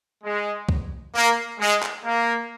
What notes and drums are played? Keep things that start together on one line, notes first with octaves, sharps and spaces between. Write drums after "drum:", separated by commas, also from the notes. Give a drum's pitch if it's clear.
G#3
drum: kick C2
A#3
G#3
drum: clap
A#3